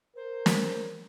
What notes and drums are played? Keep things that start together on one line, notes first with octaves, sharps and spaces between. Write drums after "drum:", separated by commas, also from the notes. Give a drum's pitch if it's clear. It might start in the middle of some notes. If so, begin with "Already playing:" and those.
A#4 C5
drum: snare